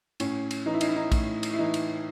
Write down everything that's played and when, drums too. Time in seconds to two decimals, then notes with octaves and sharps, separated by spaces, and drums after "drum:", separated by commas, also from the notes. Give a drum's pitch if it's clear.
0.20 A2 C#4, drum: cymbal
0.51 drum: cymbal
0.66 E3 D#4
0.74 E4
0.81 D#4, drum: cymbal
0.89 E4
0.96 D#4
1.12 A2, drum: kick, cymbal
1.43 drum: cymbal
1.54 E4
1.59 E3 D#4
1.74 drum: cymbal